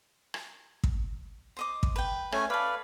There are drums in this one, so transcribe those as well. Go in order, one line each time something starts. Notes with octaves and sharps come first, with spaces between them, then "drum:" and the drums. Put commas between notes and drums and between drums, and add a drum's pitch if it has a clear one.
drum: rim click
drum: kick
C5 D#5 D6
drum: kick
B4 G5
A3 C#4 G#5, drum: rim click
A4 B4 D5 F5 B5